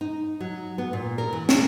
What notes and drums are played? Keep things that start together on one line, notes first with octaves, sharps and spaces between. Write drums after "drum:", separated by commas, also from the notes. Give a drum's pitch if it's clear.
D#4
F#3
B3
A#2
A#4
E3
A#3, drum: snare